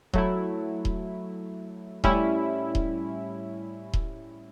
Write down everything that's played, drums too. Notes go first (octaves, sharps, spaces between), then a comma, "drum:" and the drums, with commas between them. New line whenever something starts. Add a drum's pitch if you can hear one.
F#3 A3 E4, drum: kick D#1
drum: kick D#1
A2 G3 C#4 E4, drum: kick D#1
drum: kick D#1
drum: kick D#1